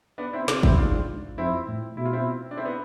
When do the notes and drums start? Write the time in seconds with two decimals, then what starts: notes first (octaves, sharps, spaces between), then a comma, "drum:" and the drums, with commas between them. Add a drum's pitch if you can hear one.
0.18 B3 D4
0.33 C4 E4
0.48 C3 D4 F4, drum: snare
0.63 C4 E4, drum: kick
0.78 G#2 D4 F4
1.38 F2 C4 E4
1.68 A2
1.97 B2 E4
2.05 F4
2.13 C4 E4
2.51 D4
2.57 C4 E4
2.66 B3